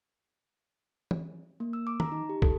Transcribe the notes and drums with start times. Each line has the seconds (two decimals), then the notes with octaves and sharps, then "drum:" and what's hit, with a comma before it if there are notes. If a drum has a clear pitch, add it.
1.11 drum: tom E3
1.60 A#3
1.73 E6
1.87 D6
2.00 A#5, drum: tom D#3
2.12 D#4
2.29 G4
2.42 A4, drum: kick